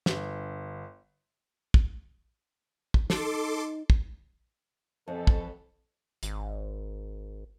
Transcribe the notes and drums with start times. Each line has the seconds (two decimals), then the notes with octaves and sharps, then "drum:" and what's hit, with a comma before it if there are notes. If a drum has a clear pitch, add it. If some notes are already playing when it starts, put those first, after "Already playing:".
0.06 G1, drum: snare
1.74 drum: kick
2.94 drum: kick
3.10 D#4 A4 C6 D6, drum: snare
3.90 drum: kick
5.08 F2 B2 E3 A4
5.27 drum: kick
6.23 G#1, drum: hi-hat